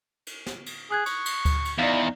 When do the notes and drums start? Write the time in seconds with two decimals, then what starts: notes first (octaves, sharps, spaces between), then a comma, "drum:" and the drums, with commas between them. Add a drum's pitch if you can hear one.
0.27 drum: cymbal
0.46 drum: snare
0.66 drum: cymbal
0.91 G#4 D#6 F#6 G#6
1.06 C#6, drum: cymbal
1.26 drum: cymbal
1.45 drum: kick D2, cymbal
1.65 drum: cymbal
1.79 E2 D#4 D5 F5